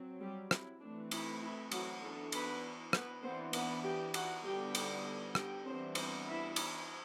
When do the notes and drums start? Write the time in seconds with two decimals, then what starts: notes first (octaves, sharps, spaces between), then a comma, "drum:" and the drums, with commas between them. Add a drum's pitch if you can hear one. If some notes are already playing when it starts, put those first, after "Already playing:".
Already playing: F#3 C4
0.21 G3 G4
0.51 E4, drum: rim click
0.81 E3 A3 C4 D4
1.11 E4, drum: cymbal
1.42 E4
1.72 F#3 F#4, drum: cymbal
2.02 E3 A3 B3 D4 A4
2.32 B3 B4, drum: cymbal
2.93 B3 B4, drum: rim click
3.23 E3 B3 C4 D4 C5
3.53 B3 B4, drum: cymbal
3.84 G4 G5
4.14 F#4 F#5, drum: cymbal
4.44 D3 G3 B3 D4 G4 G5
4.75 drum: cymbal
5.35 G4 G5, drum: rim click
5.65 E3 G3 B3 C4 D4 C5
5.95 C4 C5, drum: cymbal
6.26 E4 E5
6.56 drum: cymbal